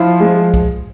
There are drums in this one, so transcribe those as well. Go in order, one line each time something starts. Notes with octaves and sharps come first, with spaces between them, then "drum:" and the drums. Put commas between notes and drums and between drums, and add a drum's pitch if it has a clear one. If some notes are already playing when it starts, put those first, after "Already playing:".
Already playing: F3 E4
G#3
drum: kick